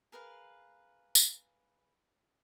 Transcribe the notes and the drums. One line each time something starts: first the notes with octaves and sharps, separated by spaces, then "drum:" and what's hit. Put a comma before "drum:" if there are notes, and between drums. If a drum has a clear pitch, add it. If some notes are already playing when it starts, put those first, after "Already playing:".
G#4 A#4 B4 F5
drum: tambourine